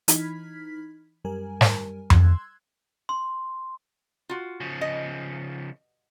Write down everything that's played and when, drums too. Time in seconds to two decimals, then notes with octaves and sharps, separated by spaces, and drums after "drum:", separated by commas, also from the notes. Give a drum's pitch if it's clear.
0.08 E3 D#4 B5 F6 G#6 B6, drum: hi-hat
1.24 F#2 G3 A#4 G#5
1.61 drum: snare
2.10 C6 E6 F#6 G#6, drum: tom F2
3.09 C6
4.29 F4 F#4
4.60 C#3 F3
4.81 D#5